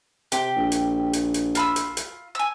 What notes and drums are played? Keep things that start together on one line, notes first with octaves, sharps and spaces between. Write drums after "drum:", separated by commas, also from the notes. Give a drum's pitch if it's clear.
C3 G4, drum: hi-hat
A#1
drum: hi-hat
drum: hi-hat
drum: hi-hat
F4 B5 E6, drum: hi-hat
drum: hi-hat
drum: hi-hat
G#5 E6